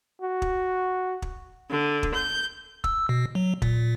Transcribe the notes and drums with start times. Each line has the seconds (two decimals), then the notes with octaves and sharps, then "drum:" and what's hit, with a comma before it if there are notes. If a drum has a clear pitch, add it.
0.22 F#4
0.42 drum: kick
1.22 drum: kick
1.69 D3
2.03 drum: kick
2.13 G6
2.84 E6, drum: kick
3.09 B2
3.35 F#3
3.62 A#2, drum: kick